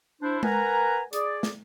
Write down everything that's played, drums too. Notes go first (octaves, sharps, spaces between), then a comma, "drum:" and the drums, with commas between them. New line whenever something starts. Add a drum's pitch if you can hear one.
D4 E4 C5
A#4 B4 F#5 G#5 A#5, drum: tom G#3
G#4 D5, drum: hi-hat
drum: snare